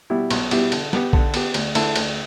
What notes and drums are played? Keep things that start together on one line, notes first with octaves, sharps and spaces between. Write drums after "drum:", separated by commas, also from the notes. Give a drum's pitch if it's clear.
B2 G3 E4 G4
B1, drum: cymbal
B2 G3 E4 G4, drum: cymbal
D3, drum: cymbal
B3 G4, drum: snare
D3, drum: kick A#1
B3 G4, drum: cymbal
D2, drum: cymbal
D3 A3 E4 A4, drum: cymbal
D2, drum: cymbal